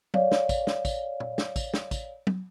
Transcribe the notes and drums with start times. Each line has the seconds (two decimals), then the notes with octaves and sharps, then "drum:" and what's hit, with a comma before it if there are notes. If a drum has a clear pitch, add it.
0.14 C#5 D5 F5, drum: tom
0.32 drum: snare
0.49 drum: kick, tambourine
0.67 drum: snare
0.85 drum: kick, tambourine
1.20 drum: tom
1.38 drum: snare
1.56 drum: kick, tambourine
1.74 drum: snare
1.91 drum: kick, tambourine
2.27 drum: tom